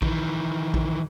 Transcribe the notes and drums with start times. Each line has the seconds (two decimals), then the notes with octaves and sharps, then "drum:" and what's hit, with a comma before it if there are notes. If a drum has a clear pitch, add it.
0.02 D#3 E3, drum: kick A#1
0.74 drum: kick A#1